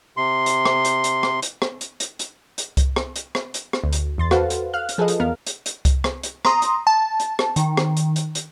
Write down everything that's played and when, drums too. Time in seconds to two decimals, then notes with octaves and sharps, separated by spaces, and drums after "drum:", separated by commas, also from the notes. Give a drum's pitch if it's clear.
0.17 C3 C6
0.46 drum: hi-hat
0.65 drum: rim click
0.85 drum: hi-hat
1.04 drum: hi-hat
1.23 drum: rim click
1.42 drum: hi-hat
1.62 drum: rim click
1.81 drum: hi-hat
2.00 drum: hi-hat
2.19 drum: hi-hat
2.58 drum: hi-hat
2.77 drum: kick C2, hi-hat
2.96 drum: rim click
3.16 drum: hi-hat
3.35 drum: rim click
3.54 drum: hi-hat
3.73 drum: rim click
3.84 D2
3.93 drum: hi-hat
4.18 E2 C6 A6
4.31 F#4 A4 B4 C5 F5 F#5, drum: rim click
4.50 drum: hi-hat
4.73 F5 F6 F#6
4.89 drum: hi-hat
4.98 F3 G#4 A4 B4 D#5
5.08 drum: hi-hat
5.20 E2 B3 A#4 F5 F6
5.47 drum: hi-hat
5.66 drum: hi-hat
5.85 drum: kick C2, hi-hat
6.04 drum: rim click
6.24 drum: hi-hat
6.45 A#5 C6 D#6, drum: rim click
6.62 drum: hi-hat
6.87 A5
7.20 drum: hi-hat
7.39 drum: rim click
7.56 D#3, drum: hi-hat
7.77 drum: rim click
7.97 drum: hi-hat
8.16 drum: hi-hat
8.35 drum: hi-hat